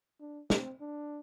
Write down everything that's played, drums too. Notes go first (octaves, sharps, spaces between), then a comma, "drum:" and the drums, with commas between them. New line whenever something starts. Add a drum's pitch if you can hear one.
D4
C4, drum: snare
D4